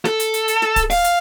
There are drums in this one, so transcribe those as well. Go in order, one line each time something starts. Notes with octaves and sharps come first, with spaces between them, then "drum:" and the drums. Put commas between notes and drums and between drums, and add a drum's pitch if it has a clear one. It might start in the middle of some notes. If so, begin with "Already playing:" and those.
A4, drum: snare
drum: hi-hat
drum: hi-hat
drum: hi-hat
drum: snare
drum: kick D1, hi-hat
F5, drum: open hi-hat
drum: hi-hat